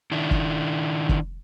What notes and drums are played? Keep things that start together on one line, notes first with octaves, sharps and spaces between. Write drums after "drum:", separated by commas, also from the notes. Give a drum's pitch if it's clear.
D#3 D4 E4
drum: kick
drum: kick